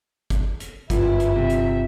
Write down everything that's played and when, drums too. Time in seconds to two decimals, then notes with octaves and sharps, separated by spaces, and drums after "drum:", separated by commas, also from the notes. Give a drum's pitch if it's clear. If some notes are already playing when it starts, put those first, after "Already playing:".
0.30 drum: kick, hi-hat
0.60 drum: hi-hat
0.90 G1 F#2 E4 F4 B4, drum: kick, hi-hat
1.20 drum: hi-hat
1.36 C3 E5
1.50 drum: hi-hat